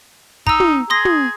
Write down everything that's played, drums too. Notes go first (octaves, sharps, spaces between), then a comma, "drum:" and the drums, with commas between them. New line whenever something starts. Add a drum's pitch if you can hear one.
D#4 A#5 E6, drum: kick
drum: tom
G#4 C6 D#6 A#6
drum: tom